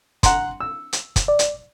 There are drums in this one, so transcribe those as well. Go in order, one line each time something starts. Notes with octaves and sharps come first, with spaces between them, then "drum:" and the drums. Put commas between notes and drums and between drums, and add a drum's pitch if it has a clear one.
F#5 A#5 C6, drum: kick, hi-hat
E6
drum: hi-hat
drum: kick, hi-hat
D5
drum: hi-hat